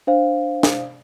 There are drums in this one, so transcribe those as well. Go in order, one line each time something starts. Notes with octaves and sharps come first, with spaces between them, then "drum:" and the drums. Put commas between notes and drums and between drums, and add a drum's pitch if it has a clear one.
D4 C5 F5
drum: snare